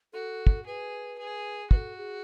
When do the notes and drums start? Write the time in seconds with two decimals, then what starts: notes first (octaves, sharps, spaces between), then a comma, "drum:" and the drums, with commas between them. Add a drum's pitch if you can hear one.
0.13 F#4 A4
0.47 drum: kick
0.66 G#4 B4
1.19 G#4
1.71 F#4 B4, drum: kick
1.76 A4
1.97 G#4